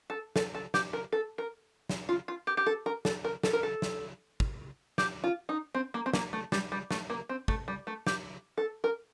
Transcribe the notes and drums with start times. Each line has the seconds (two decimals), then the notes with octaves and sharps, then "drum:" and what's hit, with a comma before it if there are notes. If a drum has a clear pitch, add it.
0.10 A4
0.36 A4, drum: snare
0.55 A4
0.74 G4, drum: snare
0.93 A#4
1.12 A4
1.38 A#4
1.89 drum: snare
2.09 F4
2.28 F4
2.47 G4
2.57 G4
2.66 A4
2.86 A#4
3.05 A4, drum: snare
3.25 A#4
3.43 A4, drum: snare
3.53 A#4
3.63 A4
3.82 drum: snare
4.40 drum: kick
4.98 G4, drum: snare
5.24 F4
5.49 D#4
5.75 C4
5.94 A#3
6.06 C4
6.13 A#3, drum: snare
6.33 A3
6.52 G3, drum: snare
6.72 G3
6.91 A3, drum: snare
7.10 A#3
7.29 C4
7.48 A3, drum: kick
7.68 G3
7.87 A3
8.07 G4, drum: snare
8.58 A4
8.84 A#4